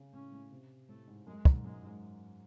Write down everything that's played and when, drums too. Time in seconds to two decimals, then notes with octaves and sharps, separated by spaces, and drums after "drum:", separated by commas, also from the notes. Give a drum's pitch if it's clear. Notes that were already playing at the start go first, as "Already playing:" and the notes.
Already playing: C#3
0.13 A2 C#4
0.32 A2
0.51 C3
0.89 A2 A3
1.07 G#2
1.27 F#2 G#3
1.45 G#2, drum: kick
1.64 F#2 G#3
1.83 G#2